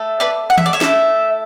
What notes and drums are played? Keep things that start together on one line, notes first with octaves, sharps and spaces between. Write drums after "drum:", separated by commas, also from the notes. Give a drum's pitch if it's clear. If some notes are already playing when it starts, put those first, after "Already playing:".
Already playing: A3 A4
B4 D5
F#5
E5, drum: tom E3
D5
C#5 E5
A3 E4 A4, drum: snare